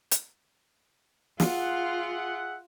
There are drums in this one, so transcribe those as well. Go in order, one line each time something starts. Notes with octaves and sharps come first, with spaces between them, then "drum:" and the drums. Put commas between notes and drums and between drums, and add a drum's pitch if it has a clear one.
drum: hi-hat
F4 G#4 E5 F#5, drum: snare